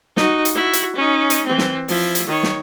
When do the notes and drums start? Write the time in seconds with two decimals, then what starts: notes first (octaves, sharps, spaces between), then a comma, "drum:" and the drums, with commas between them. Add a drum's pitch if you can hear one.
0.17 D#4 F#4, drum: snare
0.45 drum: hi-hat
0.55 E4 F#4
0.73 drum: hi-hat
0.96 C#4 D#4
1.30 drum: hi-hat
1.46 E3 C4
1.58 drum: snare
1.88 F3 E4, drum: open hi-hat
2.15 drum: hi-hat
2.27 D#3 C#5
2.43 drum: snare